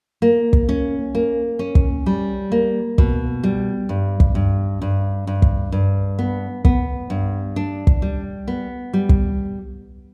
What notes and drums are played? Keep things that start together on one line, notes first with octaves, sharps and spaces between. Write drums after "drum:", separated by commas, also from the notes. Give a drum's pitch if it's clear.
A#3
drum: kick
C#4
A#3
C#4
drum: kick
G3
A#3
B2, drum: kick
G3
G2
drum: kick
G2
G2
G2
drum: kick
G2
B3
B3, drum: kick
G2
D4
drum: kick
G3
B3
G3
drum: kick